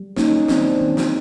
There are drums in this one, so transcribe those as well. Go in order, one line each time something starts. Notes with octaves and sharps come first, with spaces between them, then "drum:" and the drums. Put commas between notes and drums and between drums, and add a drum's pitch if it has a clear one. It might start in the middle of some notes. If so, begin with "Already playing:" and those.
Already playing: G3
A#3 C#4 D#4, drum: snare
D#3 C4 D4, drum: snare
D#3
drum: snare